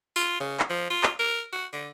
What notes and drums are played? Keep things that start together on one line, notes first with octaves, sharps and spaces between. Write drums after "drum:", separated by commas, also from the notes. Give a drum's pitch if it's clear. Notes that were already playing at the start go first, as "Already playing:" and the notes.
F4, drum: tambourine
C#3
drum: clap
F3
F4
drum: clap
A#4
F#4
D3